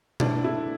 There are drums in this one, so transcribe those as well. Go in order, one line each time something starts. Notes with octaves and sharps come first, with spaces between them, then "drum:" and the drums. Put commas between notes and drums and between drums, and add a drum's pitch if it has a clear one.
F3 D4 E4, drum: tom B2
A3 D4 E4